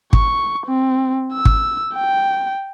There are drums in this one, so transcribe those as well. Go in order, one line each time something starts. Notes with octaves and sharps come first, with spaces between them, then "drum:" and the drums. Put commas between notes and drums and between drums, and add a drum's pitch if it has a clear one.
C#6, drum: kick
C4
E6
drum: kick
G5